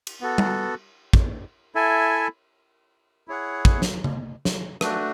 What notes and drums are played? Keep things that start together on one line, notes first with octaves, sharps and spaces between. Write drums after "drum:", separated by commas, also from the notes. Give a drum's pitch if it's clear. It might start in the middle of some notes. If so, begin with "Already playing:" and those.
drum: cymbal
B3 F#4 A4
drum: tom G3
drum: kick
E4 A4 E5 G#5
E4 G#4 C#5 F#5
drum: kick
drum: snare
drum: tom C#3
drum: snare
A3 D4 F#4, drum: rim click